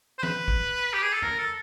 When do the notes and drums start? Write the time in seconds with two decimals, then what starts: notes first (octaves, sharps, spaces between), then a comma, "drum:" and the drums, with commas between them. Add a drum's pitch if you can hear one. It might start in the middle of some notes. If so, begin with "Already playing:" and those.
0.18 C5
0.23 B4, drum: tom E3
0.48 drum: kick
0.93 G4
1.02 G#4
1.13 A4
1.22 A#4, drum: tom E2
1.39 A4